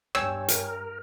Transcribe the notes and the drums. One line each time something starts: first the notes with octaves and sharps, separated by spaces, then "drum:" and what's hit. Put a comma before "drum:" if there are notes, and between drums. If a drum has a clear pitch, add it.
G2 C#5 G5 G#5 E6, drum: rim click
A#4, drum: hi-hat